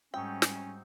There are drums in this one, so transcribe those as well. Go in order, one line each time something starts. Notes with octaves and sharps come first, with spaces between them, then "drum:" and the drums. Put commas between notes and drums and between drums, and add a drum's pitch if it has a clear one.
G#2 G3 C4 C#4 D#4 F#4 G5
drum: snare